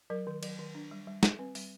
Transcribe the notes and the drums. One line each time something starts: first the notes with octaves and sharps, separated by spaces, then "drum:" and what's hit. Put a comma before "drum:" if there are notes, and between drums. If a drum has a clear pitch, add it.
F#3 A#4
D#3
F#3, drum: cymbal
D#3
D4
G3
G3
G3, drum: snare
C4 B4
G3, drum: open hi-hat